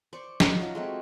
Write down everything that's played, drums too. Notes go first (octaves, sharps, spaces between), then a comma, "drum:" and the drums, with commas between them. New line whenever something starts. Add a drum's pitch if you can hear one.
C5 D5 C#6 D6
C#4 D#4 F#4 A#5, drum: snare
F#3 F4 F#4 D6
G#3 A3 C4